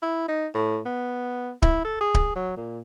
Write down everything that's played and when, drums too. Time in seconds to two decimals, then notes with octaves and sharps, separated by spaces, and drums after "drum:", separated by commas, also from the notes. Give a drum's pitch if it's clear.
0.03 E4
0.29 D#4
0.55 A2
0.86 B3
1.62 E4, drum: kick D1
1.85 A4
2.01 G#4
2.14 drum: kick D1
2.36 F#3
2.57 A#2